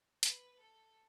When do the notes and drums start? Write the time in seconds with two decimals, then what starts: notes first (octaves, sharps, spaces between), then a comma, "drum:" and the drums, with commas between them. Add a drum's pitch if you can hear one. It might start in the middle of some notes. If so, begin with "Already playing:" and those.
0.23 B4, drum: hi-hat
0.59 A4